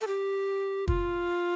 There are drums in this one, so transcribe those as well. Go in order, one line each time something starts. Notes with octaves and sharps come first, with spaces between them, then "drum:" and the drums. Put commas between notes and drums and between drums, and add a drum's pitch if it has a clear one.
A4
G4
F4, drum: kick